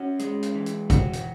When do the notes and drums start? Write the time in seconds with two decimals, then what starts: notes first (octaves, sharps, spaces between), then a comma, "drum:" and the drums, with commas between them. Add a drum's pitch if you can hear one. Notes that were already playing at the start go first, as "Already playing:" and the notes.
Already playing: C#4 F#4
0.19 G#3, drum: hi-hat
0.43 drum: hi-hat
0.55 E3
0.66 drum: hi-hat
0.90 F#4, drum: kick G#1, hi-hat
1.13 drum: hi-hat